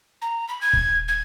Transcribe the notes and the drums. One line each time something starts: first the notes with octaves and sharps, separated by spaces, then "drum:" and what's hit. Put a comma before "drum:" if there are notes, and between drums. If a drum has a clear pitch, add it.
A#5
B5
G#6
drum: kick D#1
G#6